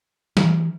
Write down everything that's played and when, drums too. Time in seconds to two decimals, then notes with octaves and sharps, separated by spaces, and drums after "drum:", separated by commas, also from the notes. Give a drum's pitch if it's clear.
0.37 D#3, drum: snare
0.44 E3